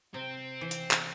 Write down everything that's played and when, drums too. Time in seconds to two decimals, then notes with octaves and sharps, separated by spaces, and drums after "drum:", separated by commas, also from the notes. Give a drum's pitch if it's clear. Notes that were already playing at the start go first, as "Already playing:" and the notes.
0.14 C3 C4
0.61 E3
0.71 drum: hi-hat
0.91 drum: clap